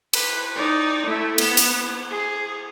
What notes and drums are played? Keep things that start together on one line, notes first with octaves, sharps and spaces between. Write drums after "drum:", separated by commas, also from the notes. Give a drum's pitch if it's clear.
B4, drum: cymbal
D#4 D5
A3 E4
B3, drum: cymbal
drum: hi-hat
G#4